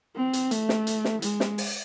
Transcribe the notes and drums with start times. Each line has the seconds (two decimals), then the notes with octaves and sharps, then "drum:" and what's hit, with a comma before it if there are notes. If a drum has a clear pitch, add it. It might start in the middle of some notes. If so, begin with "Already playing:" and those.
0.16 C4
0.33 drum: hi-hat
0.51 A3, drum: hi-hat
0.69 drum: snare
0.87 drum: hi-hat
1.05 drum: snare
1.22 G#3, drum: hi-hat
1.40 drum: snare
1.58 drum: open hi-hat